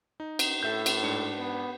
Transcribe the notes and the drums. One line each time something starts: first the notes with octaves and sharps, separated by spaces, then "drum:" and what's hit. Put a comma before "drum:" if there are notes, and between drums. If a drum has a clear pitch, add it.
D#4
drum: cymbal
A2 A4 E5 G6
drum: cymbal
G#2 D4 C#7
B3